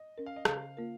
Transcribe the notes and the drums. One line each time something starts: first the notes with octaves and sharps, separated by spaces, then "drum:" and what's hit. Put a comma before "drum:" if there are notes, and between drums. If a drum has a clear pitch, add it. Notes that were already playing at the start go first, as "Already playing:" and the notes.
Already playing: D#5
C#4 A#4
F5
D#5
C#3 F5, drum: rim click
A#3 F4 A#4